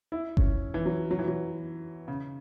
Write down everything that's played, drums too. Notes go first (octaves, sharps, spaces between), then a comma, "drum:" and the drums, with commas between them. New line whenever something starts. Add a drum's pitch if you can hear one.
E4
C#4, drum: kick G1
E3
F#3
F#3
E3
F#3
C#3